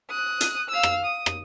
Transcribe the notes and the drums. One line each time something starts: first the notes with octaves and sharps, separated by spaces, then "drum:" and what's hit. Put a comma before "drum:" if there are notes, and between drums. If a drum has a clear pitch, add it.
D#6 F#6
drum: hi-hat
F5 E6
drum: rim click
D#6
drum: rim click